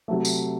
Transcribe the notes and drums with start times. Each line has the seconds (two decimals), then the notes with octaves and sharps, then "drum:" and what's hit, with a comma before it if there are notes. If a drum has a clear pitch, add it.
0.08 C3 F#3 A3
0.25 drum: tambourine